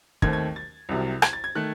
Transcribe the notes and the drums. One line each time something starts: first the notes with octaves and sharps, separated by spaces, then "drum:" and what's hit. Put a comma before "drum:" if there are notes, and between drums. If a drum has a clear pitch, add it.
D#2 D#3 A3 C4 G#6, drum: kick
G#6
A6
C2 C3 F#3
G#6, drum: rim click
A6
G#6
D#3 A3 F#6